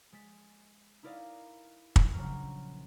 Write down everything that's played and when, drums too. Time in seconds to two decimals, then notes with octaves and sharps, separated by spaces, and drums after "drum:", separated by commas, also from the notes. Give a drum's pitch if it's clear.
0.12 G#3 A6 B6
1.03 D#4 E4 A#4 D5 D#5 F5
1.96 drum: kick
2.14 A#1 C#3 F#3 A#5 F6